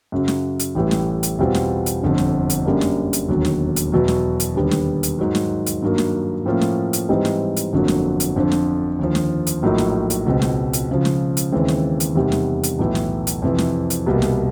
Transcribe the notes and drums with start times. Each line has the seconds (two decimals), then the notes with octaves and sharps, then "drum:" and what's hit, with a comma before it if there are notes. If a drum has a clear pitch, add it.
0.12 F#2 C#3 F#3
0.28 drum: snare
0.59 drum: hi-hat
0.75 A1 A2 E3 G3
0.91 drum: snare
1.23 drum: hi-hat
1.39 E2 B2 G3 C4 F4
1.54 drum: snare
1.86 drum: hi-hat
2.02 G1 F2 D3
2.18 drum: snare
2.50 drum: hi-hat
2.65 F#2 D3 G3 A#3 D4
2.81 drum: snare
3.13 drum: hi-hat
3.29 E1 D#2 D3 F#3
3.45 drum: snare
3.76 drum: hi-hat
3.92 E2 B2 F#3
4.08 drum: snare
4.40 drum: hi-hat
4.55 D#2 D3 G3 B3
4.71 drum: snare
5.03 drum: hi-hat
5.19 G#2 D#3 F#3
5.35 drum: snare
5.66 drum: hi-hat
5.82 G2 D#3 F#3 A#3
5.98 drum: snare
6.45 A2 F3 A#3 C#4 F4
6.61 drum: snare
6.93 drum: hi-hat
7.09 G#2 E3 G3 C4 D#4
7.25 drum: snare
7.56 drum: hi-hat
7.73 G1 F2 D3 F#3 A#3
7.88 drum: snare
8.20 drum: hi-hat
8.36 F2 D3 F3
8.52 drum: snare
8.99 D#2 D3 F3
9.15 drum: snare
9.47 drum: hi-hat
9.62 A#1 A2 F#3 A#3 D#4
9.78 drum: snare
10.10 drum: hi-hat
10.26 C#2 B2 G#3 C4
10.42 drum: snare
10.73 drum: hi-hat
10.89 C#2 C#3 F3
11.05 drum: snare
11.37 drum: hi-hat
11.52 D#2 C#3 E3 G#3 C4
11.68 drum: snare
12.00 drum: hi-hat
12.15 E2 C3 D#3 G3
12.32 drum: snare
12.63 drum: hi-hat
12.79 B1 A2 E3
12.95 drum: snare
13.27 drum: hi-hat
13.42 F2 C3 E3
13.58 drum: snare
13.90 drum: hi-hat
14.06 C2 B2 G3 A#3
14.22 drum: snare